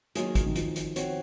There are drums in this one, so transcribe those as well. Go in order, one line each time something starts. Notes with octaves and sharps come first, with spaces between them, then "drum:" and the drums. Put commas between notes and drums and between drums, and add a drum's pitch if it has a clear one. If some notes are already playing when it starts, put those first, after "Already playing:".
D#3 F#3 A#3 F4 G#4 C#5, drum: hi-hat
drum: kick, hi-hat
D#3
F3, drum: hi-hat
drum: hi-hat
C4 F#4 C#5, drum: hi-hat